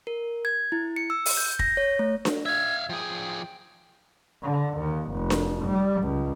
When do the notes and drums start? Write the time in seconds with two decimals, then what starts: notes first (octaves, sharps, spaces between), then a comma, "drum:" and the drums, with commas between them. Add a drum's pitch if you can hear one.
0.07 A#4
0.45 G#6
0.72 E4
0.96 C#7
1.10 E6
1.26 drum: open hi-hat
1.37 G6
1.59 A#6, drum: kick
1.77 C#5
1.99 A3
2.25 drum: snare D4
2.46 E5 F5 G#6
2.89 F3 G#4 G5
4.44 D3
4.79 D#2
5.12 F1
5.30 drum: snare D4
5.66 G3
6.03 C#2